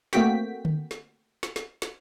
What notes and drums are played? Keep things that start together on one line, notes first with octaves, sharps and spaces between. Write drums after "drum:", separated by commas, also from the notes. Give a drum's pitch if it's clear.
A3 A#3 C4 F#4 G5 B6, drum: snare
drum: tom D3
drum: snare
drum: snare
drum: snare
drum: snare